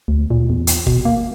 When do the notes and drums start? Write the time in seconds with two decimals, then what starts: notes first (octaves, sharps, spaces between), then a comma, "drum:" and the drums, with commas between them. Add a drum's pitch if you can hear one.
0.08 D2
0.30 A#2
0.50 E2
0.67 drum: hi-hat
0.87 B2, drum: kick
1.05 A#3